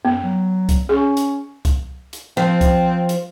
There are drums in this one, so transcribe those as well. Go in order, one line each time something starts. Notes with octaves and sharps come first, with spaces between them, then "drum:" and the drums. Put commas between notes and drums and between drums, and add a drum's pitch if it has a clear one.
F#2 B3
F#3
drum: kick C2, hi-hat
C#4 G#4
drum: hi-hat
drum: kick C2, hi-hat
drum: hi-hat
F3 C4
drum: kick C2, hi-hat
drum: hi-hat